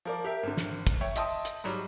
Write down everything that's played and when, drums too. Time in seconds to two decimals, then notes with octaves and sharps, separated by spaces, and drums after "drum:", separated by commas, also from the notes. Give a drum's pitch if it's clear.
0.05 F3 A#4 D5
0.24 G4 A#4 E5
0.43 G#1 D3
0.57 drum: snare
0.87 drum: kick, hi-hat
1.01 C#5 E5 G5
1.16 D#5 E5 G5 A5 C6 D#6, drum: hi-hat
1.45 drum: hi-hat
1.64 G#2 F#3 G3